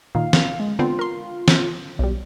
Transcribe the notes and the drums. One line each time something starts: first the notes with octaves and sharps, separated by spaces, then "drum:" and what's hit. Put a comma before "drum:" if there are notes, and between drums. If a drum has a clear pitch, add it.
A#2 D#3 F5
drum: snare
G#3
D3 B3 C4 F4
A#4 C6
drum: snare
B1 G3